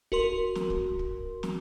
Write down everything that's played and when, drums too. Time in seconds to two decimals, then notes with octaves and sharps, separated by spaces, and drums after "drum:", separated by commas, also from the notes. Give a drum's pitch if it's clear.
0.12 F#4 A#4 C6, drum: kick
0.55 drum: snare
0.70 drum: kick
0.99 drum: kick
1.43 drum: snare